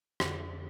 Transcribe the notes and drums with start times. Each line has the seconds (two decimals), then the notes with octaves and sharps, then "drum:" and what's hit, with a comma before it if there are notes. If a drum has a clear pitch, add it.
0.20 F2 D3 F#4, drum: rim click